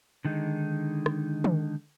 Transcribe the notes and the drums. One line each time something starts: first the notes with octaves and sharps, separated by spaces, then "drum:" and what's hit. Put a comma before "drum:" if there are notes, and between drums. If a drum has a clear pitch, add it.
D3 D#3 G#3 D#4
drum: rim click
drum: tom